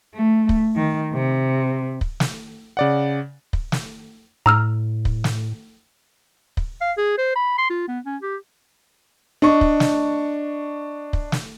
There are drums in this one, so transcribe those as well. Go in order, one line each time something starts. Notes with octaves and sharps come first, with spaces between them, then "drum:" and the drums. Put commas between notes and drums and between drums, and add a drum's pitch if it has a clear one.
A3
drum: kick
D#3
C3
drum: kick
drum: snare
C#3 D5 F#5
drum: kick
drum: snare
A2 A#5 E6 F6
drum: kick
drum: snare
drum: kick
F5
G#4
C5
B5
C6
F4
B3
C#4
G4
D4 D#5 C#6
drum: kick
drum: snare
drum: kick
drum: snare